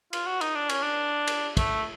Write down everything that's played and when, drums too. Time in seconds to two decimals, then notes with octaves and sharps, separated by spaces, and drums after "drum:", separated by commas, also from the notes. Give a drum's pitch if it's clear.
0.13 F4, drum: cymbal
0.26 F#4
0.41 D#4, drum: cymbal
0.55 D4
0.69 C#4, drum: cymbal
0.83 D4
1.27 drum: cymbal
1.57 A3, drum: kick, cymbal